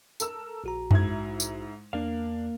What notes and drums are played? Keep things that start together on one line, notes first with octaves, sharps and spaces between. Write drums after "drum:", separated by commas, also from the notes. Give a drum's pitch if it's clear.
A4 A#4 E6, drum: tambourine
A#1 F#4 A#5
G#2 E4 G#6, drum: tom F#2
drum: tambourine
E2 A#3 D4 A#4 F5